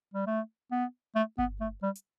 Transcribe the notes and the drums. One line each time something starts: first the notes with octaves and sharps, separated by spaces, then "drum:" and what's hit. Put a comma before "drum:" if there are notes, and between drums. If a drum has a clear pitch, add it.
G3
A3
B3
A3
B3, drum: kick G1
A3
G3
drum: hi-hat